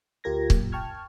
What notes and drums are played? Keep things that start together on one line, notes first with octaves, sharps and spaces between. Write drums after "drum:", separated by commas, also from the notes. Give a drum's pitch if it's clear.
D2 F4 G4 A#4 G#6 A#6
F#2 A#2, drum: kick
G5 A5 C#6 F6 G#6